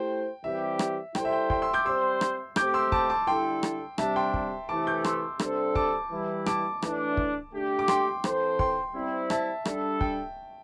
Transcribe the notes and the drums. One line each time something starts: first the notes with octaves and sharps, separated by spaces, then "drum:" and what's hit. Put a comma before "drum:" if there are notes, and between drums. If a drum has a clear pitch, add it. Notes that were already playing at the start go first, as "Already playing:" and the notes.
Already playing: A3 E4 G4 C5 G5
E3 G3 C4 G4 E5
drum: rim click
G3 E4 A4 C5 G5, drum: rim click
E5
G5
G5 C6, drum: kick
C6 E6
D6 G6
G3 C4 G4 C5 C6 E6
drum: rim click
C3 A3 C4 G4 C5 D6 G6, drum: rim click
C6 E6
A5 D6, drum: kick
A5 D6
D3 G3 E4 A4 G5 C6
drum: rim click
C3 G3 D4 E5 A5, drum: rim click
G5 C6
drum: kick
C3 E3 A3 A5 D6
D6 G6
C6 E6, drum: rim click
C3 G3 D4 A4 C5, drum: rim click
A5 D6, drum: kick
E3 G3 E4
A5 D6, drum: rim click
A2 E3 A3 D4, drum: rim click
drum: kick
D3 A3 D4 G4
D6
G5 C6, drum: rim click
E3 C4 A4 C5, drum: rim click
G5 C6, drum: kick
G3 C4 E4
E5 A5, drum: rim click
G3 D4 A4, drum: rim click
G5, drum: kick